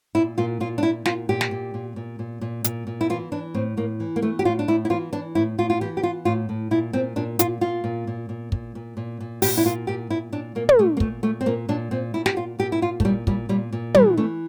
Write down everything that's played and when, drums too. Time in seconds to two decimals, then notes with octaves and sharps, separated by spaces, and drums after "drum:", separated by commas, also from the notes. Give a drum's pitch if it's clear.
0.15 A#2 E4
0.38 A#2 F4
0.60 A#2 F4
0.78 D4
0.83 A#2 E4
1.05 A#2 F4, drum: snare
1.29 A#2 G4
1.41 drum: snare
1.51 A#2
1.74 A#2
1.96 A#2
2.19 A#2
2.41 A#2
2.64 A#2, drum: hi-hat
2.87 A#2
3.01 E4
3.10 E3 F4
3.32 E3 D4
3.54 A2 C4
3.77 A2 A#3
4.00 E3
4.16 A#3
4.22 E3 A3
4.39 G4
4.45 A2 F4
4.59 D4
4.68 A2 E4
4.85 E4
4.90 E3 F4
5.13 E3 D4
5.35 A2 E4
5.58 A2 F4
5.70 F4
5.81 E3 G4
5.97 G4
6.03 E3 F4
6.25 A2 F4
6.49 A2
6.71 A#2 E4
6.93 A#2 C4
7.16 A#2 D4
7.39 A#2 F4, drum: hi-hat
7.61 A#2 F4
7.84 A#2
8.07 A#2
8.29 A#2
8.52 A#2, drum: kick
8.75 A#2
8.97 A#2
9.20 A#2
9.42 A#2 G4, drum: open hi-hat
9.57 E4
9.65 A#2 F4
9.87 A#2 G4
10.10 A#2 E4
10.32 A#2 D4
10.55 A#2 A#3
10.69 drum: tom
10.79 A#2 A3
10.97 A#3
11.00 A#2 A3, drum: kick
11.23 A#2 A3
11.41 C4
11.46 A#2 A#3
11.69 A#2 D4
11.91 A#2 C4
12.14 A#2 E4
12.26 G4, drum: snare
12.36 A#2 F4
12.59 A#2 G4
12.72 E4
12.81 A#2 F4
13.00 A3, drum: kick
13.04 A#2 G3
13.27 A#2 G3, drum: kick
13.49 A#2 G3
13.72 A#2
13.94 E3 G3, drum: tom
14.17 E3 A3